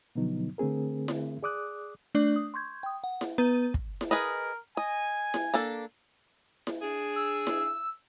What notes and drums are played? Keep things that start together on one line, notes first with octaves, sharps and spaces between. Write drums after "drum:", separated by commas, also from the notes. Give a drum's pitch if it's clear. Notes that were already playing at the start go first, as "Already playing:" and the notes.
B2 D3 F3 F#3 B3 D#4
D3 A3 C4 G#4 A#4
drum: snare E4
G#4 D5 D6 D#6 F#6
A3 D4 D5 D6
D#6
C6 C#6 G6 G#6
G5 D#6
F#5
drum: snare E4
B3 B4 A#5 G6 D#7
drum: kick
drum: snare E4
G#4 A#4 B4 D#5
D#5 G#5
drum: snare E4
A#3 D4 A4
drum: snare E4
D4 G#4
E6
drum: snare E4